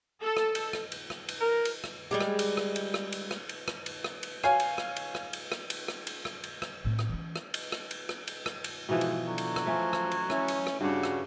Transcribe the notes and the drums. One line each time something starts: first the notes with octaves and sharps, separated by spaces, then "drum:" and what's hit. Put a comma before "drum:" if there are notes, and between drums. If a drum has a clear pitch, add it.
A4
drum: rim click
drum: cymbal
drum: rim click
drum: cymbal
drum: rim click
drum: cymbal
A#4
drum: cymbal
drum: rim click
G3 G#3 G4
drum: rim click
drum: cymbal
drum: rim click
drum: cymbal
drum: rim click
drum: cymbal
drum: rim click
drum: cymbal
drum: rim click
drum: cymbal
drum: rim click
drum: cymbal
C#5 F5 G#5, drum: rim click
drum: cymbal
drum: rim click
drum: cymbal
drum: rim click
drum: cymbal
drum: rim click
drum: cymbal
drum: rim click
drum: cymbal
drum: rim click
drum: cymbal
drum: rim click
A2 C4
drum: rim click
E3 C#4
drum: rim click
drum: cymbal
drum: rim click
drum: cymbal
drum: rim click
drum: cymbal
drum: rim click
drum: cymbal
G#2 B2 E3 F3
drum: cymbal
D3 F#3
drum: cymbal
drum: rim click
F3 A3 C#4
drum: rim click
drum: cymbal
C#4 E4, drum: rim click
drum: cymbal
drum: rim click
G2 C#3 D4 F#4
drum: rim click